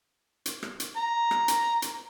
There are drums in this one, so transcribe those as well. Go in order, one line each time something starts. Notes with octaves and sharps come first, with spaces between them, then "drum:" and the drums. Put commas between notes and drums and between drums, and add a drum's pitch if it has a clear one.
drum: hi-hat
drum: rim click
drum: hi-hat
A#5
drum: rim click
drum: hi-hat
drum: hi-hat